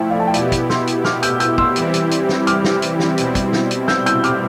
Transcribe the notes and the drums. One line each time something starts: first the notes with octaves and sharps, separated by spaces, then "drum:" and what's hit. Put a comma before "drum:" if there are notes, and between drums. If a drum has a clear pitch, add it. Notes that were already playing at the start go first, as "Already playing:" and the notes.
Already playing: F3 A3 E4 E5 G5
D5 F5
A5
G5
B2 B3 E4 G4 D5 F5, drum: hi-hat
drum: kick, hi-hat
C6 E6, drum: snare
drum: hi-hat
D6 F6, drum: snare
E6 G6, drum: hi-hat
E6 G6, drum: hi-hat
C6 E6, drum: kick
E3 G3 C4 E4 G4, drum: hi-hat
drum: hi-hat
drum: hi-hat
drum: snare
D6 F6, drum: hi-hat
drum: snare
drum: hi-hat
drum: snare
B2 G3 C4 E4, drum: hi-hat
drum: kick, hi-hat
drum: snare
drum: hi-hat
E6 G6, drum: snare
E6 G6, drum: hi-hat
D6 F6, drum: hi-hat